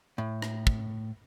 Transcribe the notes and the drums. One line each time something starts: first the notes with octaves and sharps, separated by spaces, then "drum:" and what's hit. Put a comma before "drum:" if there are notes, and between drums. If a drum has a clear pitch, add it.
A2
drum: rim click
drum: kick